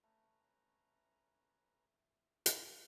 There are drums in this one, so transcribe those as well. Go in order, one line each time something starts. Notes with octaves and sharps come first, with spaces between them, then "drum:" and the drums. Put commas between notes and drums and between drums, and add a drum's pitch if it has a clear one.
A3 C#4 B4 A#5
drum: hi-hat